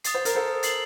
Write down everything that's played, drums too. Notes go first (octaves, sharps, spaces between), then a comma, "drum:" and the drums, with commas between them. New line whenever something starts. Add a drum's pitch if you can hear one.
D#6 A6 C7, drum: hi-hat
C5
A#4, drum: hi-hat
A4 C5
A6 C7 F#7, drum: hi-hat